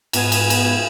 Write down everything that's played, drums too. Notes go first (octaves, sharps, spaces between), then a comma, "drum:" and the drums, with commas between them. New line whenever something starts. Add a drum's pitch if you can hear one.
G#2 B3 G#5 G#6, drum: cymbal
drum: cymbal
drum: cymbal